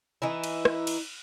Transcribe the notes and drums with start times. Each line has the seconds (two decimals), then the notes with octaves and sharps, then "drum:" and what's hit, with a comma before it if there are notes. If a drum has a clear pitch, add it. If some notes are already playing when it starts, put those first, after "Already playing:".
0.22 E3 D#4 E4
0.44 drum: cymbal
0.65 drum: rim click
0.87 drum: cymbal